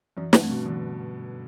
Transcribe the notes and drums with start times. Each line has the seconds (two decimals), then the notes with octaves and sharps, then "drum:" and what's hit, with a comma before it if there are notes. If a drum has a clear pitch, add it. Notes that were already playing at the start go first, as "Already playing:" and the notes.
0.17 F#2 E3
0.33 G2, drum: snare
0.41 A3 C4
0.50 B2
0.66 D3 E3